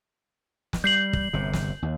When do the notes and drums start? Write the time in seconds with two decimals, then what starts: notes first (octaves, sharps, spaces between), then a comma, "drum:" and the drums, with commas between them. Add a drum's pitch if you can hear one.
0.73 drum: snare
0.84 G3 G6 C7 F#7
1.13 drum: kick
1.33 G1 C3
1.53 drum: snare
1.82 D#2